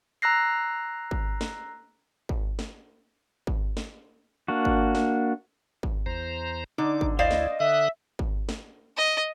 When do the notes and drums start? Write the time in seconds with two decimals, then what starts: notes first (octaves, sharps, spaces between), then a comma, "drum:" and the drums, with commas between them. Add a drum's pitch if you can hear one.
0.22 A#5 E6 F#6 A#6 C7
1.11 drum: kick G#1
1.41 drum: snare
2.29 drum: kick G#1
2.59 drum: snare
3.47 drum: kick G#1
3.77 drum: snare
4.48 A#3 D4 F#4
4.65 drum: kick G#1
4.95 drum: snare
5.83 drum: kick G#1
6.06 E2 C5 A#5
6.78 D3 D#4 D6
7.01 drum: kick G#1
7.19 D2 E4 C5 D5 D#5 F5
7.31 drum: snare
7.60 D3 E5 D#6 F#6
8.19 drum: kick G#1
8.49 drum: snare
8.97 D#5